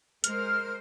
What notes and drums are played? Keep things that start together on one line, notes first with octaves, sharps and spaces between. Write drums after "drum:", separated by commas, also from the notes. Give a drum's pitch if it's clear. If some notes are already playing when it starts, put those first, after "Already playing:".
G#3 A#4 C5 F6, drum: hi-hat